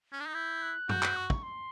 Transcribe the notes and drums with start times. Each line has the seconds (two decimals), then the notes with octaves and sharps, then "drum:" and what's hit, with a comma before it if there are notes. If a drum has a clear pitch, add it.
0.12 C#4
0.20 D4
0.27 D#4
0.34 E4 G6
0.62 F#6
0.89 F#4 G6, drum: tom F#2
1.03 drum: clap
1.16 C#6
1.30 drum: kick
1.43 C6